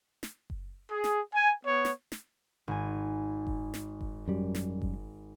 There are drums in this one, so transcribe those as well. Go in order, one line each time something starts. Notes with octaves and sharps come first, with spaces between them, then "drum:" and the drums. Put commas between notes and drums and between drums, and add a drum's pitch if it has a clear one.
drum: snare
drum: kick F#1
G#4
drum: snare
G#5
B3 C#5
drum: snare
drum: snare
G#1 G#5
drum: kick F#1
drum: snare
drum: kick F#1
F#2 G3
drum: snare
drum: kick F#1